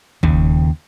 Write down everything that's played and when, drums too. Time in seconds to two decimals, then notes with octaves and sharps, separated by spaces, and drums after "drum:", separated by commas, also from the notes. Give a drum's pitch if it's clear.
0.23 D#2 C#3, drum: kick